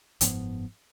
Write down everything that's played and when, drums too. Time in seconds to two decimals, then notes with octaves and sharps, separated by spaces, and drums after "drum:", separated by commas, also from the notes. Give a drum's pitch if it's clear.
0.21 F#1 G#2 F3 B3, drum: hi-hat